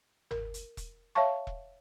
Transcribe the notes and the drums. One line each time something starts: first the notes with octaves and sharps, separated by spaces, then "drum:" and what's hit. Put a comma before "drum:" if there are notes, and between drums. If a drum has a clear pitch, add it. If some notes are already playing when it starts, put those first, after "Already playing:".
A#4, drum: tom G1
drum: hi-hat
drum: kick E1, hi-hat
C#5 E5 F5 A5 C#6
drum: kick E1